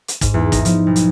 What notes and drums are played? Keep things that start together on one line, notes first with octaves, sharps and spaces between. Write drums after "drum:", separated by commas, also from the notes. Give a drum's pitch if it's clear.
drum: hi-hat
G#2, drum: kick, hi-hat
E2
D#4, drum: kick, hi-hat
F3, drum: hi-hat
B1
drum: hi-hat